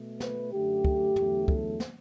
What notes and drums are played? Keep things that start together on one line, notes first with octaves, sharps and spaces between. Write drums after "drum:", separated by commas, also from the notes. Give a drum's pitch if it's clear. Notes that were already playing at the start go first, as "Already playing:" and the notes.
Already playing: B2 A3
B4, drum: snare
F#2 D3 A3 G4
drum: kick
E2 D3 F#3 A3, drum: tom
A4, drum: kick
drum: snare